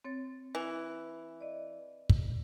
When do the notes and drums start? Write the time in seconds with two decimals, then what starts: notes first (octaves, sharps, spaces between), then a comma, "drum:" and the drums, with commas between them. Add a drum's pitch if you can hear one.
0.04 C4 C#5 A6
0.55 E3
1.41 D5 D#5
2.09 drum: kick